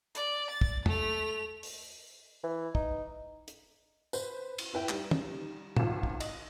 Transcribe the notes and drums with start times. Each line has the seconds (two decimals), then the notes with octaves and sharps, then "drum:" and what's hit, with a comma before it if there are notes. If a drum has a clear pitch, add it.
0.15 D5, drum: hi-hat
0.51 A6
0.61 drum: kick
0.86 A3 F7, drum: tom
1.63 drum: open hi-hat
2.43 E3
2.75 D#4, drum: kick
3.48 drum: hi-hat
4.13 B4 C5, drum: tambourine
4.58 drum: cymbal
4.73 E4 B4 G5
4.89 G3 D#4, drum: clap
5.11 drum: tom
5.77 G#1 C#2 D#3 F3 F4 E7, drum: tom
6.03 drum: kick
6.20 D#5, drum: cymbal